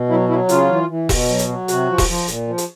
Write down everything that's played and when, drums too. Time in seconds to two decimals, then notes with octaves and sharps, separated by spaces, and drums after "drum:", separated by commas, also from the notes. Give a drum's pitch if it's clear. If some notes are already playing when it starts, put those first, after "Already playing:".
Already playing: B2
0.09 F#3 E4
0.29 F#3 E4
0.49 C#3 F4, drum: hi-hat
0.69 E3
0.89 E3
1.09 B2, drum: kick E1, open hi-hat
1.29 F#3
1.39 drum: hi-hat
1.48 F#3
1.68 C3 F#4, drum: hi-hat
1.88 F3
1.98 drum: kick E1, open hi-hat
2.08 F3
2.28 A#2, drum: hi-hat
2.48 F3
2.58 drum: hi-hat